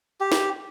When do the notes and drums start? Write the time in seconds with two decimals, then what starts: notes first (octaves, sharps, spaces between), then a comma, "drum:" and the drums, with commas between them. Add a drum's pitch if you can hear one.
0.20 G4
0.32 drum: snare